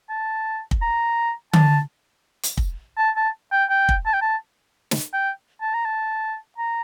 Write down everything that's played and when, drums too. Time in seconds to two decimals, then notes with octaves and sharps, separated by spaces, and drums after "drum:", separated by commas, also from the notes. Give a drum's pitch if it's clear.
0.09 A5
0.71 drum: kick
0.82 A#5
1.53 A5, drum: tom D3
2.43 drum: hi-hat
2.57 drum: kick
2.98 A5
3.16 A5
3.52 G5
3.69 G5
3.89 drum: kick
4.06 A5
4.14 G5
4.22 A5
4.91 drum: snare
5.13 G5
5.61 A5
5.74 A#5
5.85 A5
6.58 A#5